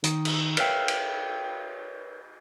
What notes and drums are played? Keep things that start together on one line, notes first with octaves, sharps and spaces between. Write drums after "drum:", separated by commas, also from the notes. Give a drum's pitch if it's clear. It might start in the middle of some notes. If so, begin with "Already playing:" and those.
D#3, drum: hi-hat
drum: cymbal
A#4 B4 C#5 E5 F5 G5, drum: cymbal
drum: cymbal